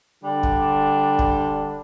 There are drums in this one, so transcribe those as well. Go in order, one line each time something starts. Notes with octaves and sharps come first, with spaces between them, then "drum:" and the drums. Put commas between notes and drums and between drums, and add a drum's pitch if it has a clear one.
D3 G3 D4
drum: kick
drum: kick